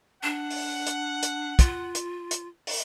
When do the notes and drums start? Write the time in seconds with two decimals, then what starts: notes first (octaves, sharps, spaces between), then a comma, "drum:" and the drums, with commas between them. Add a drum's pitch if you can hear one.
0.23 D4 F#5
0.50 drum: open hi-hat
0.87 drum: hi-hat
1.23 drum: hi-hat
1.59 F4, drum: kick, hi-hat
1.95 drum: hi-hat
2.31 drum: hi-hat
2.67 drum: open hi-hat